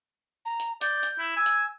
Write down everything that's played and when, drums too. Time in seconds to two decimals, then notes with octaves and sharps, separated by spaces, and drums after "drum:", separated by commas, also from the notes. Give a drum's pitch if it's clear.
0.45 A#5
0.60 drum: hi-hat
0.81 D5 G6, drum: hi-hat
1.03 drum: hi-hat
1.19 E4
1.37 G#5 E6
1.46 drum: hi-hat